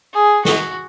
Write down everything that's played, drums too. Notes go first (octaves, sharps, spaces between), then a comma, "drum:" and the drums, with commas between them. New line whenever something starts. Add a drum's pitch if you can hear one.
G#4
F#4, drum: snare